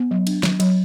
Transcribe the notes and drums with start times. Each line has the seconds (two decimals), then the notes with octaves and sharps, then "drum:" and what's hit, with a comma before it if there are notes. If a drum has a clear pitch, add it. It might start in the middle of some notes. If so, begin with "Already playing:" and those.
Already playing: B3
0.11 F#3
0.27 D4, drum: cymbal
0.43 F#3, drum: snare
0.60 F#3, drum: cymbal